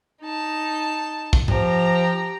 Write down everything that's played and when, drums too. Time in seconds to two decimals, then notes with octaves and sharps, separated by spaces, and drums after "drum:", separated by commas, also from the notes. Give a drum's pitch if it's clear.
0.22 D#4 A5
1.33 drum: kick
1.48 F3 G4 A#5, drum: tom G#2